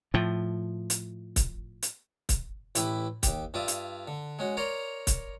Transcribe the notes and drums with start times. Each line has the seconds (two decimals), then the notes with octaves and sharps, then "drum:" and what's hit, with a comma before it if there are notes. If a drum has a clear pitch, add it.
0.14 A2 F3
0.90 drum: hi-hat
1.36 drum: kick C#1, hi-hat
1.82 drum: hi-hat
2.29 drum: kick C#1, hi-hat
2.75 A1 E4 G4 B4, drum: hi-hat
3.23 D#2 G4, drum: kick C#1, hi-hat
3.54 G2 F4 D5 E5 D#6
3.68 drum: hi-hat
4.08 D3
4.39 G#3 C#4 F#4
4.57 A#4 C#5 D5 A#5 C6
5.07 drum: kick C#1, hi-hat